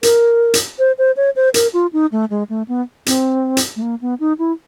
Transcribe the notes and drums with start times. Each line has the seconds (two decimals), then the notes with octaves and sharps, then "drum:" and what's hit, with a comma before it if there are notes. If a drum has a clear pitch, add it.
0.03 A#4, drum: hi-hat
0.54 drum: hi-hat
0.79 C5
0.98 C5
1.17 C#5
1.36 C5
1.54 A#4, drum: hi-hat
1.73 F4
1.93 D#4
2.12 A3
2.30 G#3
2.49 A3
2.68 B3
3.06 C4, drum: hi-hat
3.57 drum: hi-hat
3.76 A3
3.82 A#3
4.01 B3
4.20 D#4
4.39 E4